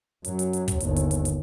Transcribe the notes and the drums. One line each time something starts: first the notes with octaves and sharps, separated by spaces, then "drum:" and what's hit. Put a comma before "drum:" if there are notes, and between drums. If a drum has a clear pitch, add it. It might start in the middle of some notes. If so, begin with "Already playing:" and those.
F#2 F#3, drum: hi-hat
drum: hi-hat
drum: hi-hat
drum: kick, hi-hat
G1 D#2, drum: hi-hat
drum: hi-hat
drum: hi-hat
drum: hi-hat